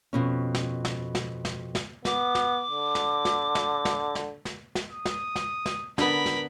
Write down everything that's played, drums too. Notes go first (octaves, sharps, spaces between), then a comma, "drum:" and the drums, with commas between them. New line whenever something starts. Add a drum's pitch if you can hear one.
F2 B2 C#4
drum: snare
drum: snare
drum: snare
drum: snare
drum: snare
B3 D6, drum: snare
drum: snare
D3
drum: snare
drum: snare
drum: snare
drum: snare
drum: snare
drum: snare
drum: snare
D#6
drum: snare
drum: snare
drum: snare
D3 B3 A#4 B5, drum: snare
drum: snare